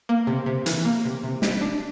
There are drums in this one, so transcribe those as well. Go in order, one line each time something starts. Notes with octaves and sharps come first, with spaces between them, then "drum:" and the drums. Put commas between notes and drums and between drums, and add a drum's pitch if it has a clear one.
A#3
C3
C3
E3, drum: hi-hat
A#3
C3
C3
G3, drum: snare
D4